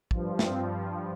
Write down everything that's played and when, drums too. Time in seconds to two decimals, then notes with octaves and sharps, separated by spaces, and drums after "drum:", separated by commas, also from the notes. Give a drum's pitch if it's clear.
0.11 G2 F3, drum: kick
0.39 C4, drum: snare